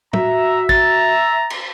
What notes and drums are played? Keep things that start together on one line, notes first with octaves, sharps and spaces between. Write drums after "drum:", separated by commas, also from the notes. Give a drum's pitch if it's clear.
F#4 E5 A#5, drum: tom
A#5 A6, drum: kick G#1
drum: cymbal